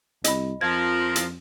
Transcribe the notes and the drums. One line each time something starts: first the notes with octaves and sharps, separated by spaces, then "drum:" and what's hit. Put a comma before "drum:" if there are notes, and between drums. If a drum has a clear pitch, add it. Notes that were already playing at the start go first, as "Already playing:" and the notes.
C2 D#5 B5, drum: hi-hat
F2 F3 A#4 G#6
drum: hi-hat